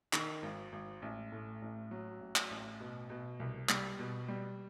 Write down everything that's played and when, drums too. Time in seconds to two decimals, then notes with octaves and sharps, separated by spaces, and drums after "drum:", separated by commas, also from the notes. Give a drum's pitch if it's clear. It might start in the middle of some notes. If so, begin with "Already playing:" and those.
0.13 D#3, drum: clap
0.43 G#1
0.72 G#1
1.02 A1
1.32 A2
1.62 A1
1.91 F#3
2.21 A1
2.36 drum: clap
2.51 A1
2.80 B2
3.10 B2
3.40 C2
3.69 G3, drum: clap
3.99 B2
4.28 G3